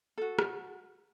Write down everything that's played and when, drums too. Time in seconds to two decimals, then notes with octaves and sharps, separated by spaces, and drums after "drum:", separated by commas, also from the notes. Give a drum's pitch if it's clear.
0.18 F#4 A4
0.39 drum: rim click